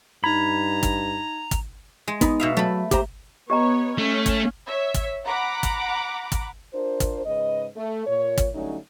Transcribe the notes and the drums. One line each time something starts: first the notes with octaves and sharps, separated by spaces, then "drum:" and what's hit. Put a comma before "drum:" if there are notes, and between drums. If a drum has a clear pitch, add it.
G2 D#4 A#5 B5 G#6
drum: kick, hi-hat
drum: kick, hi-hat
G#3
B3 D#4, drum: kick, hi-hat
B2 E5 F5
F#3 A3 B5
G4 C5 A#5, drum: kick, hi-hat
B3 G4 C#5 D#5 A#5
A3 C#4
drum: kick, hi-hat
C#5 E5
drum: kick, hi-hat
F#5 A#5 B5 D6
drum: kick, hi-hat
drum: kick, hi-hat
D4 F4 A#4 C5
drum: kick, hi-hat
G#2 C#3 B4 D#5
A3
A#2 C#5
drum: kick, hi-hat
D3 F#3 G3 A3 C#4 D#4